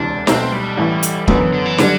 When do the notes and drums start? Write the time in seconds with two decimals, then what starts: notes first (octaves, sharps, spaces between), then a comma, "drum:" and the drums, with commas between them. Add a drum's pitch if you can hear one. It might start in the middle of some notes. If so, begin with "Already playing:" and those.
Already playing: E1 D2 C3 E3 D4
0.27 B1 B2 A3 C4, drum: snare
0.52 G3
0.77 A1 A2 E3 A3
1.03 drum: hi-hat
1.28 F#2 D3 F#3 G3 B3, drum: kick
1.40 E3
1.53 D3
1.66 E3
1.78 D3 F#3 G3 D4, drum: snare